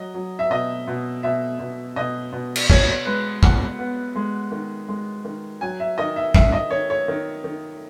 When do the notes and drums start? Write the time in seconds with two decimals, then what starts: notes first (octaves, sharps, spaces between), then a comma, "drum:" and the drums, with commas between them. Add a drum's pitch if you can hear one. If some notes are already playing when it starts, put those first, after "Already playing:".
Already playing: F#3 D#5
0.14 F#3
0.39 E5
0.50 B2 D#5
0.87 B2
1.23 B2 E5
1.59 B2
1.96 B2 D#5
2.32 B2
2.56 drum: cymbal
2.70 B3 C#5, drum: kick
3.06 G#3 B4
3.43 B3 F#5, drum: kick
3.79 B3
4.15 G#3
4.52 D#3
4.88 G#3
5.24 D#3
5.61 F#3 G#5
5.80 E5
5.98 D#3 D#5
6.16 E5
6.35 D#3 E5, drum: kick
6.52 D#5
6.70 D#3 C#5
6.90 C#5
7.08 D#3
7.44 D#3